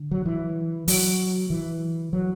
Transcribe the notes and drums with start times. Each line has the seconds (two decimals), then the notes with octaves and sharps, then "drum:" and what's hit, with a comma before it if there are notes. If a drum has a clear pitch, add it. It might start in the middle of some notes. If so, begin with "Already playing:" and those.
Already playing: D3
0.11 F#3
0.26 E3
0.88 F#3, drum: open hi-hat
1.50 E3
2.13 F#3